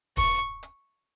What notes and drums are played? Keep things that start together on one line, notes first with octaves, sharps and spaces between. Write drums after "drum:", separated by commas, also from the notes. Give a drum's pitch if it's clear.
C#6, drum: kick
drum: hi-hat